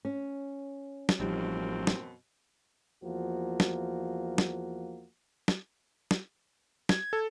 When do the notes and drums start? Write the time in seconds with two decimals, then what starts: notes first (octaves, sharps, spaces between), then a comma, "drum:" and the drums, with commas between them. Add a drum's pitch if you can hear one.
0.05 C#4
1.09 drum: snare
1.20 A1 F#2 B2 F3 G3 C4 D#4 G4
1.87 drum: snare
3.03 E2 F3 A#3 F#4
3.60 drum: snare
4.38 drum: snare
5.48 drum: snare
6.11 drum: snare
6.89 G#6, drum: snare
7.13 A4